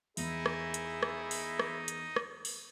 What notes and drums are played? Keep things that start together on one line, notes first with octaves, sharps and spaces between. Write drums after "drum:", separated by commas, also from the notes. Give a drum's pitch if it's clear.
E2 D#4 E4 G#4 D#5, drum: open hi-hat
drum: rim click
drum: hi-hat
drum: rim click
drum: open hi-hat
drum: rim click
drum: hi-hat
drum: rim click
drum: open hi-hat